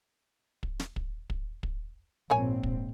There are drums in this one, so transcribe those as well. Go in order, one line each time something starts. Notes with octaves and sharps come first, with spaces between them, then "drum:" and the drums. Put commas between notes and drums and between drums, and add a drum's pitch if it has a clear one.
drum: kick
drum: snare
drum: kick
drum: kick
drum: kick
A#1 G#2 A#3 C4 C#5 G#5
drum: kick